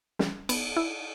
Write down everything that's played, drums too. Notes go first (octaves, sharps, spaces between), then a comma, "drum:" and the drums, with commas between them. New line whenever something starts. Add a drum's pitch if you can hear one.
G3, drum: snare
B3, drum: cymbal
E4